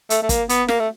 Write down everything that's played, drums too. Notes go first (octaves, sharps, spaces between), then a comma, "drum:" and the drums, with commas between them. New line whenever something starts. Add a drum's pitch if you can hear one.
A3, drum: hi-hat
A3
A#3, drum: kick G1, hi-hat
B3, drum: hi-hat
A#3, drum: snare
A3